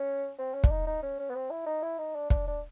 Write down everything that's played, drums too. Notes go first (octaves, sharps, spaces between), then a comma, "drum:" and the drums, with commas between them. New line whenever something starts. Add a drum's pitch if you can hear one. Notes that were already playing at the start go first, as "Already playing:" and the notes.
Already playing: C#4
C4
C#4
D4, drum: kick
D#4
D#4
C#4
C#4
B3
C4
E4
D#4
E4
D#4
D4
D4, drum: kick
D4